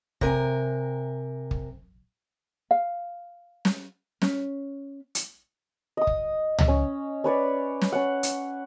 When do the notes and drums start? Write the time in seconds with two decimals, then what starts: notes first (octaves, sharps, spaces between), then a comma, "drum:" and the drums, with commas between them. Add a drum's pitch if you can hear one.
0.21 C3 A#4 G#5, drum: kick
1.51 drum: kick
2.71 F5
3.65 drum: snare
4.22 C#4, drum: snare
5.15 drum: hi-hat
5.97 D#5 D#6
6.07 drum: kick
6.58 drum: tom C#2
6.68 C#4
7.24 C#4 B4 C#5 D5
7.81 drum: snare
7.92 C#4 F#5
8.23 drum: hi-hat